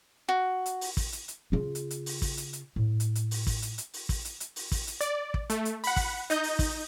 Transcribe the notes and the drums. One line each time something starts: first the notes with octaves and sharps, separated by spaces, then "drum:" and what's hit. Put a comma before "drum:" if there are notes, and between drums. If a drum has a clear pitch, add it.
F#4
drum: hi-hat
drum: open hi-hat
drum: kick, open hi-hat
drum: hi-hat
drum: hi-hat
C#3 F4
drum: hi-hat
drum: hi-hat
drum: open hi-hat
drum: kick, open hi-hat
drum: hi-hat
drum: hi-hat
A2
drum: hi-hat
drum: hi-hat
drum: open hi-hat
drum: kick, open hi-hat
drum: hi-hat
drum: hi-hat
drum: open hi-hat
drum: kick, open hi-hat
drum: hi-hat
drum: hi-hat
drum: open hi-hat
drum: kick, open hi-hat
drum: hi-hat
D5, drum: hi-hat
drum: kick
A3, drum: hi-hat
drum: hi-hat
F#5 B5, drum: open hi-hat
drum: kick, open hi-hat
D#4 D#5 G6, drum: hi-hat
drum: open hi-hat
drum: kick, open hi-hat